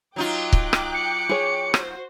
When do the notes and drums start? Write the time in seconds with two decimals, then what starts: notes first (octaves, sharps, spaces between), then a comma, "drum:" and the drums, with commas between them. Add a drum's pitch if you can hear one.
0.16 F#3 D#4 F4 G5 D6 F#6
0.53 drum: kick C#1
0.73 drum: rim click
0.94 C#7
1.29 G#4 C#5
1.74 F#4 C5, drum: rim click